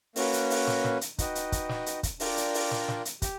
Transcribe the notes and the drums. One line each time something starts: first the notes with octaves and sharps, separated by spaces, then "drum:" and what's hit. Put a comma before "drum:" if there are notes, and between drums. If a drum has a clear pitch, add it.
A#3 C#4 F#4 B4, drum: open hi-hat
drum: hi-hat
drum: open hi-hat
drum: snare
drum: snare
drum: hi-hat
D#4 F#4 B4 D#5 G5, drum: kick, hi-hat
drum: hi-hat
drum: kick, hi-hat
drum: snare
drum: hi-hat
drum: kick, hi-hat
D4 F4 A#4 D5 G5, drum: open hi-hat
drum: hi-hat
drum: open hi-hat
drum: snare
drum: snare
drum: hi-hat
G4, drum: kick, hi-hat